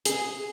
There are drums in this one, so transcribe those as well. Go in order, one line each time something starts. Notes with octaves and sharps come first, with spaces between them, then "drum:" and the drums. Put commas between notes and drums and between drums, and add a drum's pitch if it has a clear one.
G#4, drum: hi-hat